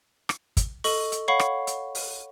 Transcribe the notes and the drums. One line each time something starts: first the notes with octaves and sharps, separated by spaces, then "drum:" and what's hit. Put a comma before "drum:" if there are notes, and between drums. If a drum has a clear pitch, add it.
drum: rim click
drum: kick, hi-hat
A4 D#5 C#6 F#7, drum: open hi-hat
drum: hi-hat
C#5 F5 F#5 B5 C#6 C7
drum: rim click
drum: hi-hat
drum: open hi-hat